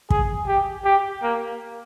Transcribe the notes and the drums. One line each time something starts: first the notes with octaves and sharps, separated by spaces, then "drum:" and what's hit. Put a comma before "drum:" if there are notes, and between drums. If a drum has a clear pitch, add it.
G#4, drum: kick
G4
G4
A#3